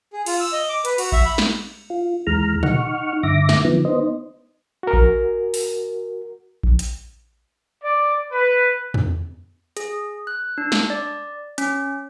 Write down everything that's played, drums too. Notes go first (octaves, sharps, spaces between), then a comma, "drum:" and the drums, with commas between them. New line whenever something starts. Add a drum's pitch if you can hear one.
G#4
F4, drum: cymbal
E6
D#5
D6
B4, drum: hi-hat
F#4, drum: cymbal
E5, drum: kick A#1
B5
drum: snare
F4
D#2 E3 G#3 A#5 F6
D#4 F#5 C#6 F6, drum: tom
G2 D3 E5 D6 A#6
drum: snare
D3 D#3 F3 B3
B3 D#4 C5 D#5
F#4 A#4
drum: kick A#1
drum: open hi-hat
drum: kick A#1
drum: hi-hat
D5
B4
drum: tom E2
G#4, drum: hi-hat
F#6
D4
drum: snare
D5
C#4, drum: hi-hat